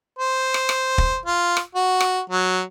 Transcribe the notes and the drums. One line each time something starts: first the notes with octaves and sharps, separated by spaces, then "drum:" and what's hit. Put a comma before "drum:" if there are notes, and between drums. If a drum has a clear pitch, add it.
C5
drum: rim click
drum: rim click
drum: kick
F4
drum: rim click
F#4
drum: rim click
F#3